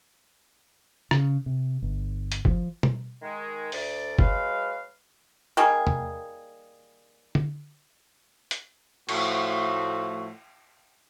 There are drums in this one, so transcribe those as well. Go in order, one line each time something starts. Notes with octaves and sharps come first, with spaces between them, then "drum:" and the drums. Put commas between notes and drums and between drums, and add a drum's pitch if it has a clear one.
C#3, drum: rim click
C3
G1
drum: hi-hat
F3, drum: kick
drum: tom B2
D#3 G#3
D2 D5, drum: open hi-hat
F#3 G#3 B4 F5, drum: kick
D#3 G3 A#3 G#4
drum: tom
drum: tom
drum: hi-hat
A2 F3 A3 F#4, drum: cymbal